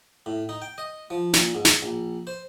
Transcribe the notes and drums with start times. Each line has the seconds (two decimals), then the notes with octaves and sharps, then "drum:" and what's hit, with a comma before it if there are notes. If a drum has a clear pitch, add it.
0.26 A2
0.49 D#4
0.62 G5
0.78 D#5
1.10 F3
1.33 A#2, drum: snare
1.55 G#2
1.65 drum: snare
1.82 A#1
2.27 C5